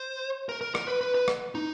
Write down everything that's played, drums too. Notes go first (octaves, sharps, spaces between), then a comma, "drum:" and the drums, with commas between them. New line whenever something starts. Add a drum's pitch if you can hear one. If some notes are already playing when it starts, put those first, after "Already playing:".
Already playing: C5
A#4
A#4
A#4, drum: rim click
B4
B4
B4
drum: rim click
D#4